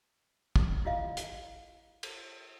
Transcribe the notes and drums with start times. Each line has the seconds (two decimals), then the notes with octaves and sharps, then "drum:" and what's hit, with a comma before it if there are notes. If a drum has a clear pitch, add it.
0.56 drum: kick
0.85 E4 F4 D#5 F5
1.17 drum: hi-hat
2.03 drum: cymbal